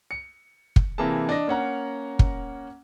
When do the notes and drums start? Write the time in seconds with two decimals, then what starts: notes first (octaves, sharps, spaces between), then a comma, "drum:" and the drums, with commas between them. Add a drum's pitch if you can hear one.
0.11 C#7
0.76 drum: kick
0.98 C3 E3 A#3 G#4 A5
1.29 D4 D#5 A#6
1.48 A#3 C#4 F#5 A#5
2.19 drum: kick